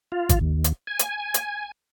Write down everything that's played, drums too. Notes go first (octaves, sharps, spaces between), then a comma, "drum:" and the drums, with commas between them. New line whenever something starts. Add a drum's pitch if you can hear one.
F4
drum: kick G#1, hi-hat
D#2
drum: hi-hat
G#5
drum: hi-hat
drum: hi-hat